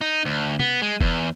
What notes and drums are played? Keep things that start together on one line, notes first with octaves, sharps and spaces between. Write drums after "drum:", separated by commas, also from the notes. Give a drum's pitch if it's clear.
D#4
D2
B3, drum: tom
G#3
E2, drum: kick